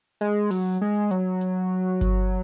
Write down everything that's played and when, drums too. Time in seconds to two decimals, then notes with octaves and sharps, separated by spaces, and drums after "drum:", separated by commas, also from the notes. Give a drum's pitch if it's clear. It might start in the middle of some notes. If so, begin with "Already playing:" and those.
0.21 G#3, drum: hi-hat
0.51 F#3, drum: open hi-hat
0.81 G#3
1.11 F#3, drum: hi-hat
1.41 drum: hi-hat
2.01 drum: kick G1, hi-hat